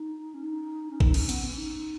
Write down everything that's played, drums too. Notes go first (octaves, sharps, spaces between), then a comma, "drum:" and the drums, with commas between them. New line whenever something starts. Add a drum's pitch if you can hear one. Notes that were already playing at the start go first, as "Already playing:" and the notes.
Already playing: D#4
C#4
D#4
C#4
D#4, drum: kick
C#4, drum: cymbal
B3, drum: hi-hat
C#4
D#4